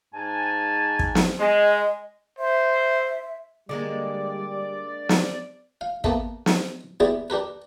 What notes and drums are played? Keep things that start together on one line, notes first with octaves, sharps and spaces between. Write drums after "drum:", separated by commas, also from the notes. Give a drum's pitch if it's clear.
G#2 G#5 A5
drum: kick
drum: snare
G#3 D#5
C5 E5
D3 G3 G#3 A#3 D5
drum: snare
F5
A#3 B3 A4 E5, drum: kick
drum: snare
B3 E4 G4 G#4 D5 B5
D4 G4 A#4 B4